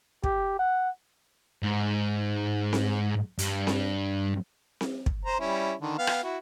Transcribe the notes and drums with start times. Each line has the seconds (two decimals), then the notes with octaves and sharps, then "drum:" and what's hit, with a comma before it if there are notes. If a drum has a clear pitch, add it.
0.24 G4, drum: kick
0.59 F#5
1.63 G#2
2.73 drum: snare C4
3.39 G2, drum: hi-hat
3.67 drum: snare C4
4.81 drum: snare C4
5.06 drum: kick
5.25 C5 A#5
5.40 G3 C#4 E4
5.81 D3 D#3
5.98 B3 F5 G5
6.07 drum: rim click
6.23 E4 F#4